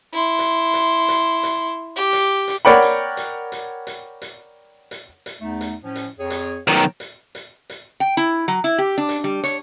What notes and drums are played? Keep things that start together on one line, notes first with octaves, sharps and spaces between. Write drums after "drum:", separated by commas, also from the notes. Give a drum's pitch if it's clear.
E4 C6
drum: hi-hat
drum: hi-hat
drum: hi-hat
drum: hi-hat
G4
drum: hi-hat
drum: hi-hat
A#4 C#5 D5 F#5 G5 B5
drum: hi-hat
drum: hi-hat
drum: hi-hat
drum: hi-hat
drum: hi-hat
drum: hi-hat
drum: hi-hat
E2 A3 D#4
drum: hi-hat
A2 F3 C#4
drum: hi-hat
F2 G#4 C#5
drum: hi-hat
B1 D#3 C#5 F#5 A#5, drum: hi-hat
drum: hi-hat
drum: hi-hat
drum: hi-hat
G5
E4
F#3
E4
G4
D4
drum: hi-hat
G3
C#5, drum: hi-hat